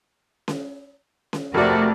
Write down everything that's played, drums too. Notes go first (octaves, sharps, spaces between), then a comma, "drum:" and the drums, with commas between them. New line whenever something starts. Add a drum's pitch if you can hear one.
drum: snare C#4
drum: snare C#4
F2 C3 A3 C4 F#4 A#4 D5